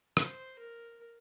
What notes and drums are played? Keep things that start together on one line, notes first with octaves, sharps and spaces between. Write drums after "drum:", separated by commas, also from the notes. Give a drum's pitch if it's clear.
C5, drum: rim click
A#4